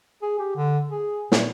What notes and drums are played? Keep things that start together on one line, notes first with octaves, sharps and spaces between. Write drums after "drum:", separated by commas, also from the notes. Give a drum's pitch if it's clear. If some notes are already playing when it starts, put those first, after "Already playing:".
G#4
G4
D3
G#4
A#2, drum: snare